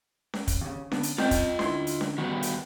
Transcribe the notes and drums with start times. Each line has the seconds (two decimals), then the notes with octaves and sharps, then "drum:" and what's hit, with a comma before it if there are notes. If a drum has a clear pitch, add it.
0.34 drum: snare C#4
0.47 drum: kick, hi-hat
0.61 D#2 C#3
0.92 D3 B3 D4, drum: snare C#4
1.03 drum: hi-hat
1.18 C4 F4 D#5 G5, drum: snare C#4
1.31 drum: kick, hi-hat
1.59 D3 E4 C6, drum: snare C#4
1.87 drum: hi-hat
2.01 drum: snare C#4
2.18 D#3 G3 B3 F#4
2.42 drum: hi-hat